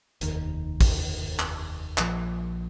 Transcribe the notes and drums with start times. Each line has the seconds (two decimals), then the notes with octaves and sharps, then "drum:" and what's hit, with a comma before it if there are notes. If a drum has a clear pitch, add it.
0.21 F1 D#2 D#3, drum: hi-hat
0.81 drum: kick, open hi-hat
1.39 drum: clap
1.98 A#1 A#2 F3, drum: clap